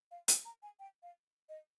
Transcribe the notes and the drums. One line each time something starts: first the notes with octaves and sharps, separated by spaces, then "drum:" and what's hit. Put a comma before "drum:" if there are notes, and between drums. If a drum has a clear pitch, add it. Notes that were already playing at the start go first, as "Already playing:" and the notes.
F5
G5, drum: hi-hat
A#5
G#5
G5
F5
D#5